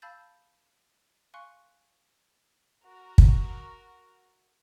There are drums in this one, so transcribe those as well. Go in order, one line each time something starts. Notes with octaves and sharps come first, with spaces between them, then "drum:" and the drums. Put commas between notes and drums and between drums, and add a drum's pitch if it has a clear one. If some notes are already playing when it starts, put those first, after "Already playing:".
F5 A5 B5 E6 G6 A6
F5 G#5 C6 C#6 F#6 C#7
F#4 A#4
drum: kick